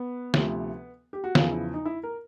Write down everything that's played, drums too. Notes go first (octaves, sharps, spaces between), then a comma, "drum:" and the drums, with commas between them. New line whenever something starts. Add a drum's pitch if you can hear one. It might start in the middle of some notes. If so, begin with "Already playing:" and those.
Already playing: B3
D2 C3 F3, drum: snare
G4
F#4
E2 C#3 F3 F4, drum: snare
E4
D#4
E4
A#4